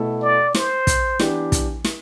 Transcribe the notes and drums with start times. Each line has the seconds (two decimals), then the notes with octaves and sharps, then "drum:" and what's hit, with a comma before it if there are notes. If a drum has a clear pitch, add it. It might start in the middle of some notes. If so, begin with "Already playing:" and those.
Already playing: B2 A3 E4 A4
0.22 D5
0.55 C5, drum: snare
0.87 drum: kick, hi-hat
1.19 E3 B3 D4 G4, drum: snare
1.52 drum: kick, hi-hat
1.84 drum: snare